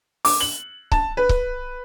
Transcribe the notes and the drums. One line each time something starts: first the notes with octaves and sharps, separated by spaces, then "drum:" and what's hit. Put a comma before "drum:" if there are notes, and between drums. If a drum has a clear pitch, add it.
D6, drum: open hi-hat
F#7
A5, drum: kick C#1
B4
drum: kick C#1